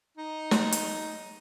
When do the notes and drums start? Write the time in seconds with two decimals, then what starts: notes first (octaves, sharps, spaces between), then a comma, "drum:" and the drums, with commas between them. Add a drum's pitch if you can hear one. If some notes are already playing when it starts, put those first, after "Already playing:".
0.18 D#4
0.51 drum: snare
0.72 drum: hi-hat